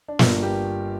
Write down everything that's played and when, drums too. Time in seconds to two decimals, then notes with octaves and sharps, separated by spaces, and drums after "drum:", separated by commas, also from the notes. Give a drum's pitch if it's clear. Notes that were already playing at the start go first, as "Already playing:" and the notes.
0.08 D4
0.19 G1 G2 G3 A#3 F4, drum: snare
0.43 G4